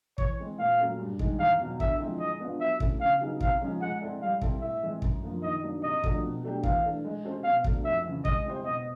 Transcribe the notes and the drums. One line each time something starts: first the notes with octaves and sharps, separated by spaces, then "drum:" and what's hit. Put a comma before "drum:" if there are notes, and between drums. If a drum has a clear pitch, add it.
E3 C#5, drum: kick
G#3 C4
A#2 F5
F#3 A3 C#4
G2
D#3 G#3, drum: kick
E2 F5
B2 F#3
D3 E5, drum: kick
F3 G#3 C4 E4
G#3 D#5
B3 D4 F4
F#3 E5
A3 C#4 E4, drum: kick
C#3 F5
F#3 B3 D#4 G#4
C3 F5, drum: kick
F3 G#3 C#4
G#3 F#5
C4 E4 A4 D5
G3 F5
C4 E4 A4, drum: kick
A2 E5
E3 G#3 C4
F#2, drum: kick
D3 F3 A#3
D#3 D#5
F#3 A#3 D4
C3 D#5
F3 A3 D4 F#4, drum: kick
B2
F#3 A3 D4 G4
E3 F5, drum: kick
A3 D4
G#3
C#4 F#4 A4 C5
B2 F5
F#3 A3 D4, drum: kick
F2 E5
C#3 E3
G#3 D#5, drum: kick
C4 E4 G4 C5
B2 D#5